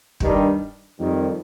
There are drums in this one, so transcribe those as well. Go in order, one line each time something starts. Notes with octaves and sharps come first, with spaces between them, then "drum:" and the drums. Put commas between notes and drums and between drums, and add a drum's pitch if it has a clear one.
G2 D#3 G3 D4, drum: kick
F2 D#3 G3